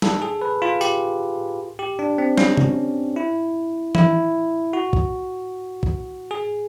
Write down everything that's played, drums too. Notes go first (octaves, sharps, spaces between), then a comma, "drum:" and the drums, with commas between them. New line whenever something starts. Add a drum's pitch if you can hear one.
A4, drum: snare
G#4
B4
F4
G4, drum: tambourine
G4
D4
C4
C#4, drum: snare
drum: tom C3
E4
E4, drum: tom E3
F#4
drum: kick
drum: kick
G#4